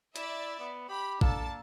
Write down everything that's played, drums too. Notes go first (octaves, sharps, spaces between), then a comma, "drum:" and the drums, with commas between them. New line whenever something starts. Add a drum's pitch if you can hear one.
E4 D5 E5, drum: hi-hat
B3
G4 B5
A#3 D4 A4 A5 E6, drum: kick A1